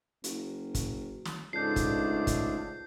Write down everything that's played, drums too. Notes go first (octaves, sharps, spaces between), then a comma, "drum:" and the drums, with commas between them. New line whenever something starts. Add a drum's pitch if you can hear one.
F#1, drum: hi-hat
drum: kick, hi-hat
drum: snare
C#2 G#2 A3 D4 G6 C7
drum: kick, hi-hat
drum: kick, hi-hat